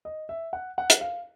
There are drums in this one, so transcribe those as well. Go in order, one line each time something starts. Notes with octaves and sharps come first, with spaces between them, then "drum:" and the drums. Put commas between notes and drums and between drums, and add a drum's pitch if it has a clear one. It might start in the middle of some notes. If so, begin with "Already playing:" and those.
D#5
E5
F#5
F#5
drum: hi-hat
F5